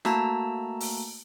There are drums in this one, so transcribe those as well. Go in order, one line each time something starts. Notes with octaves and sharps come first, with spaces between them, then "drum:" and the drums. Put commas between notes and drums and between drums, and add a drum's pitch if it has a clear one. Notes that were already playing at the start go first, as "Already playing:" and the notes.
A3 A#3 F#4 A5 A#5 E6, drum: snare
drum: open hi-hat